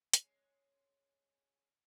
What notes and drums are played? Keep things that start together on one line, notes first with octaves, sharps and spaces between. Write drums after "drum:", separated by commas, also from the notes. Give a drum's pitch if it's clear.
G#3 C#4, drum: hi-hat